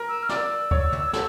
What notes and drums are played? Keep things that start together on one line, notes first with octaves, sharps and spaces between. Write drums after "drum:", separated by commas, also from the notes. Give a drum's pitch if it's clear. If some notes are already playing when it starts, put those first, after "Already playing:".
Already playing: A#4
E6
F6
D5 E6, drum: snare
C#5, drum: kick D2
drum: tom
A4, drum: snare